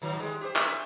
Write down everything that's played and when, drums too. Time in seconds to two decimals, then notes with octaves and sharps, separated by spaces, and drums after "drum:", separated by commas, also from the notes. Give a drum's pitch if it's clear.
0.02 A2 D#3 F#3
0.20 G3 G#3
0.41 G4 C5
0.56 E5, drum: clap